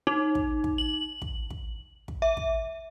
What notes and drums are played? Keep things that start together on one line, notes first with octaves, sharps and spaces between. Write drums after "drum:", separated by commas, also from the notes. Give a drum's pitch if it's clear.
D#4
drum: kick
drum: kick
F#7
drum: kick
drum: kick
drum: kick
E5
drum: kick